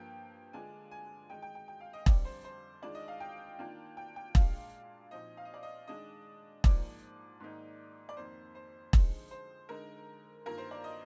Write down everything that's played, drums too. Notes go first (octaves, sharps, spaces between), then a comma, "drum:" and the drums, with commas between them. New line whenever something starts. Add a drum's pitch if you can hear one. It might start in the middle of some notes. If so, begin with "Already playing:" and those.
Already playing: G2 F3 A#3 G5
D3 G#3 D4 F4 G#5
G#5
D#3 G#3 D#4 G5
G5
G5
G5
F5
D#5
F2 D3 G3 C4 D5, drum: kick E1
C5
C5
D#3 G#3 D4 F4 D5
D#5
F5
G5
D#3 A#3 D4 F4
G5
G5
A#2 G#3 D4 F5, drum: kick E1
A#2 F3 C4 D#4 D#5
F5
D#5
D5
D#5
D#3 G#3 D4 D#5
G#2 F3 A#3 D5, drum: kick E1
G#2 D#3 A#3 D#4
D5
F2 D#3 A#3 C5
C5
D3 F3 G#3 C4 D#4, drum: kick E1
C5
D3 G#3 D#4 A#4
G2 D#3 A#3 F4 A#4
C5
D5
D#5